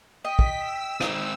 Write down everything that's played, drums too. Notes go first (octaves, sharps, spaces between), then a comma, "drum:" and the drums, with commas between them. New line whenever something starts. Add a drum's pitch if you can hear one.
D#5 G5 B6
drum: kick
E6
G#3 C4 D#4, drum: rim click